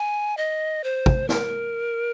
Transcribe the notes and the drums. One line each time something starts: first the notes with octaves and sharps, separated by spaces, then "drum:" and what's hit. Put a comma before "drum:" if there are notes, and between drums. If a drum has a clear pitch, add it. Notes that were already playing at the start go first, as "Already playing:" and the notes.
Already playing: G#5
D#5
C5
drum: kick
A#4, drum: snare